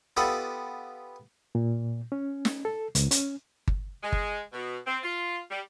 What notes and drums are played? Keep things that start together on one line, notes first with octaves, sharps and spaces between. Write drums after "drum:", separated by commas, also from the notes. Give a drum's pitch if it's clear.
B3 F4 G4 A4 D#5 B5
A#2
C#4
drum: snare
A4
C#2, drum: hi-hat
C#4, drum: hi-hat
drum: kick G1
G#3
drum: kick G1
B2
C4
F4
G3